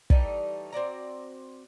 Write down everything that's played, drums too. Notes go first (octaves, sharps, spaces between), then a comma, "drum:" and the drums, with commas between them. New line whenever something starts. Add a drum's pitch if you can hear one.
E3 G3 A3 D#4, drum: kick
C4 F#4 D5 A#5